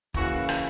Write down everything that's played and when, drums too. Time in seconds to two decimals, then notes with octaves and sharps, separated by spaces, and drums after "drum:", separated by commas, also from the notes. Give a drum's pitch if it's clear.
0.14 C#3 E3 A#3 F#4, drum: kick
0.49 drum: rim click